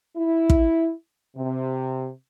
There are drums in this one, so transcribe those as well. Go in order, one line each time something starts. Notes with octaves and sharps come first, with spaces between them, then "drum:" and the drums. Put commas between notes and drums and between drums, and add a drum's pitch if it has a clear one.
E4
drum: kick
C3